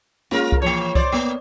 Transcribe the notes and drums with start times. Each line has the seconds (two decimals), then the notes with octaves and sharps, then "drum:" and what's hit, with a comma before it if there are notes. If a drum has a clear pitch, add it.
0.31 G#3 A#3 C#4 F4 A#4
0.52 drum: kick C2
0.62 E3 F3 A#3 C#5
0.95 C5 D5, drum: kick C2
1.12 A#3 B3